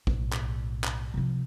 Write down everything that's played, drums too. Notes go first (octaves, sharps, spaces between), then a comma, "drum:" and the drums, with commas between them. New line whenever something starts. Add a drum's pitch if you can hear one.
B1 A2, drum: kick A#1
drum: clap
drum: clap
C3 F3